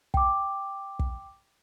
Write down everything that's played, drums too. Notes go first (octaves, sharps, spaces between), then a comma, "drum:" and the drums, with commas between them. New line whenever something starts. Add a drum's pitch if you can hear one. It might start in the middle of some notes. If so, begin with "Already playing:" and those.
G5 D6, drum: kick
drum: kick